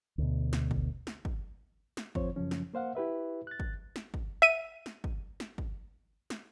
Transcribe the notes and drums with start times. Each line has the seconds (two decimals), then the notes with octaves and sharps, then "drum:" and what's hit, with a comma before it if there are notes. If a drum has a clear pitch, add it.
0.18 D2 B2
0.53 drum: snare
0.71 drum: kick
1.07 drum: snare
1.25 drum: kick
1.97 drum: snare
2.15 F2 F3 C4 F4 C5 C#5, drum: kick
2.36 F#2 C#3 F3 C#4
2.51 drum: snare
2.74 A#3 C5 F5 F#5
2.95 E4 G4 B4 E5
3.47 F#6 A6
3.60 drum: kick
3.96 drum: snare
4.14 drum: kick
4.42 E5 D#7
4.86 drum: snare
5.04 drum: kick
5.40 drum: snare
5.58 drum: kick
6.30 drum: snare